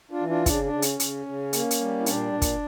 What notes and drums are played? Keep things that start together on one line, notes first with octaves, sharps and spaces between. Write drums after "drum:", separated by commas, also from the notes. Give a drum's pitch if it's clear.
D4 F4
E3
D4 F4
C#3 D4, drum: kick, hi-hat
D4
C#3
C#4, drum: hi-hat
C#3, drum: hi-hat
C#3
A#3, drum: hi-hat
drum: hi-hat
G3
E4
A#2 D4, drum: hi-hat
A#2
drum: kick, hi-hat